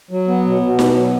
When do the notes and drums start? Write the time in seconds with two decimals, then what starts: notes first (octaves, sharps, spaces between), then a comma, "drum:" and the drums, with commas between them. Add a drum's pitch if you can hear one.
0.11 F#3
0.28 B3
0.45 B2
0.62 B2
0.79 B3, drum: snare D#4
0.96 F#3